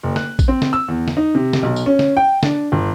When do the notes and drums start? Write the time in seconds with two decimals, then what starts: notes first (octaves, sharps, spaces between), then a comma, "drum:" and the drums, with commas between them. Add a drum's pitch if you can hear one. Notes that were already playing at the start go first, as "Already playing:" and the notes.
0.03 F#1
0.16 F#6, drum: snare
0.39 drum: kick, tambourine
0.48 C4
0.62 drum: snare
0.73 E6
0.88 E2
1.08 drum: snare
1.17 D#4
1.35 C3
1.53 drum: snare
1.63 B1
1.76 drum: tambourine
1.86 C#4
1.99 drum: snare
2.17 G5
2.43 D4, drum: snare
2.72 G1